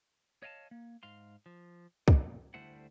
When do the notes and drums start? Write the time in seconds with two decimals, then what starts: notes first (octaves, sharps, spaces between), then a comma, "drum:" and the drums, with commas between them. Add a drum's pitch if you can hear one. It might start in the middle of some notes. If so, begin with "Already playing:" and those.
0.43 C#5 D#5 F5 G#5 A5
0.71 A#3
1.03 G#2 F5 C6
1.46 F3
2.08 F2 A#2 C#3, drum: kick
2.54 D2 G3 A3 E4 C5 F#5